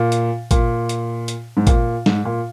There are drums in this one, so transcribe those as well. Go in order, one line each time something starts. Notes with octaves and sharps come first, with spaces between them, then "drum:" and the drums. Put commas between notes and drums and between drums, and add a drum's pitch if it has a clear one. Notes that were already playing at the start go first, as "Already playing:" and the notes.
Already playing: A#2
drum: hi-hat
A#2, drum: kick, hi-hat
drum: hi-hat
drum: hi-hat
G#2
A#2, drum: kick, hi-hat
G#2, drum: snare
A#2